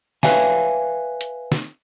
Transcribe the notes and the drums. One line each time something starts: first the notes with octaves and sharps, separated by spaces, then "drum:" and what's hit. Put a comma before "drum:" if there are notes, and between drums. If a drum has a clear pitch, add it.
B4 C#5 E5 F5 G#5, drum: snare
drum: hi-hat
drum: snare